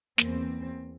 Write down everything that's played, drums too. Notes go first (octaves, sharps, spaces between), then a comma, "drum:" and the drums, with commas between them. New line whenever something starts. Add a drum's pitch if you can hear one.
E2 A#3 C4, drum: snare